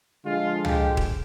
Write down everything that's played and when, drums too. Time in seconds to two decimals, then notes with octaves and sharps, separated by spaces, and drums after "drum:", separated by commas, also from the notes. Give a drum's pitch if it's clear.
0.24 D3 F3 G#3 F4
0.65 G4, drum: tom C#2
0.97 drum: kick